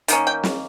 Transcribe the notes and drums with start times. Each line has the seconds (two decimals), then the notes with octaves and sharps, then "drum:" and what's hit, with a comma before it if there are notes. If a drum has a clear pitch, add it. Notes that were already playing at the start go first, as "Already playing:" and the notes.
0.08 D#3 A#3 C#4, drum: hi-hat
0.27 G5
0.43 drum: snare